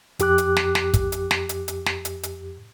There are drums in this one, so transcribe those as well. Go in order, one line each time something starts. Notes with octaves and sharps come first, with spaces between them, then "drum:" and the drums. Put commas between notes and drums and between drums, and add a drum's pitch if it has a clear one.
F2 G4 D6 F#6, drum: hi-hat
drum: hi-hat
drum: snare
drum: snare
drum: kick, hi-hat
drum: hi-hat
drum: snare
drum: hi-hat
drum: hi-hat
drum: snare
drum: hi-hat
drum: hi-hat